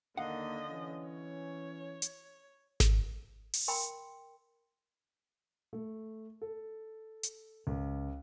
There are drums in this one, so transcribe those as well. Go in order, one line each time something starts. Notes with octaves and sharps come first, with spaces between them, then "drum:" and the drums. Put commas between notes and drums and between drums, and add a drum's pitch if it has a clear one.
D#2 D3 A#3 D#5 F5 F#5
E3 C#4
C#5
drum: hi-hat
drum: snare G#1
drum: open hi-hat
A#4 G5 B5 C6
A3
A4
drum: hi-hat
C#2